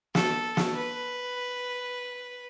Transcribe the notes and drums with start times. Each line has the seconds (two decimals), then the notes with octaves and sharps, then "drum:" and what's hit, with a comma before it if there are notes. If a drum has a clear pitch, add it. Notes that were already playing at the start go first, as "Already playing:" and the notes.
0.15 A4, drum: snare
0.57 drum: snare
0.75 B4